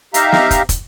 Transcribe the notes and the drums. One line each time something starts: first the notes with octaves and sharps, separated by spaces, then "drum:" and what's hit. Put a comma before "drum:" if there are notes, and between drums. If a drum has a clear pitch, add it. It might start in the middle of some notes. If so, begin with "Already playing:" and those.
D#4 G4 E5 F5 A#5, drum: hi-hat
drum: snare
drum: kick, hi-hat
drum: kick, hi-hat